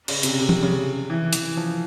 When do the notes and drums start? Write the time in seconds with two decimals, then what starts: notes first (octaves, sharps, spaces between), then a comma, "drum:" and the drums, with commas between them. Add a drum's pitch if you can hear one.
0.08 C#3, drum: cymbal
0.23 C3, drum: hi-hat
0.40 C3
0.49 drum: tom F3
0.63 C#3
1.10 E3
1.33 E3, drum: hi-hat
1.57 F3